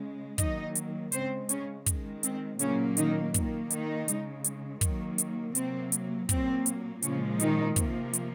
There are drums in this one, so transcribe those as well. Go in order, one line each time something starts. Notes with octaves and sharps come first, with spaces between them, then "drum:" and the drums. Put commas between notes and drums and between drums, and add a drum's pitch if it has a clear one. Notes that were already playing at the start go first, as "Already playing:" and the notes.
Already playing: C#3 G#3
D#3 F#3 A#3 D#4 D#5, drum: kick, hi-hat
drum: hi-hat
C#3 G#3 C4 C5, drum: hi-hat
C#3 C#4, drum: hi-hat
D#3 G#3, drum: kick, hi-hat
C4, drum: hi-hat
A#2 C#3 F#3 A#3 C#4, drum: hi-hat
D#3 D#4, drum: hi-hat
D#3 A#3, drum: kick, hi-hat
D#3 D#4, drum: hi-hat
C#3 G#3, drum: hi-hat
drum: hi-hat
D#3 F#3 A#3, drum: kick, hi-hat
drum: hi-hat
C3 F#3 A#3 C4, drum: hi-hat
drum: hi-hat
A#2 F#3 A#3 C4, drum: kick, hi-hat
drum: hi-hat
A#2 C#3 F3 G#3 C#4, drum: hi-hat
D#3 D#4, drum: hi-hat
C3 F3 A#3, drum: kick, hi-hat
drum: hi-hat